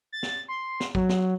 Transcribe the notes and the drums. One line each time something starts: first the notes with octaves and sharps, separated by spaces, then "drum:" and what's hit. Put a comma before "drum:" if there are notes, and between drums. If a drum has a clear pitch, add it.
A6
drum: snare
C6
drum: snare
F#3, drum: kick
drum: snare